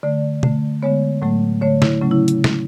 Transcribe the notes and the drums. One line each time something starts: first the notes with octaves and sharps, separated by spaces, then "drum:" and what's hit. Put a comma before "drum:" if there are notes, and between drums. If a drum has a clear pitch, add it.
D3 A3 D5
D3 A3, drum: tom
D3 G#3 B3 C#5
A2 F#3 A3
D3 A3 C#5
E4, drum: snare
C#3 F#3 A3 C#4
E4
drum: hi-hat
drum: snare